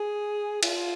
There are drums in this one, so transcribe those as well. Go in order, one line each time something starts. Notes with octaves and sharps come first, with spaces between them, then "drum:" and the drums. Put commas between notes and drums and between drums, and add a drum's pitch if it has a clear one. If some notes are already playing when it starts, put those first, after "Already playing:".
Already playing: G#4
F4, drum: cymbal